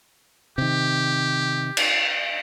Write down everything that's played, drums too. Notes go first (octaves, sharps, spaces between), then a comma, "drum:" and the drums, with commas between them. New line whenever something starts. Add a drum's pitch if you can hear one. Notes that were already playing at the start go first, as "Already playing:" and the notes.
C3 D#3 G4
drum: cymbal